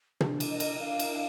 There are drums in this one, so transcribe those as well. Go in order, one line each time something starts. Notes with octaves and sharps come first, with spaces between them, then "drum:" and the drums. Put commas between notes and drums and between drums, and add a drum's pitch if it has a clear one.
D4, drum: tom
drum: cymbal
A#4 D#5
drum: cymbal
D4 F5
drum: cymbal
D4